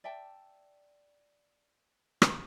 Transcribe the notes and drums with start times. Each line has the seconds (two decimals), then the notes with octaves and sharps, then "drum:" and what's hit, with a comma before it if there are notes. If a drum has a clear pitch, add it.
0.04 D5 E5 G5 A5
2.22 drum: rim click